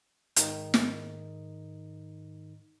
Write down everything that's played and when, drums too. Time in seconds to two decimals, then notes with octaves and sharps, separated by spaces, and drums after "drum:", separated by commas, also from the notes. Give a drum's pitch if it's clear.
0.36 G#2 D#3 D#4, drum: hi-hat
0.74 drum: snare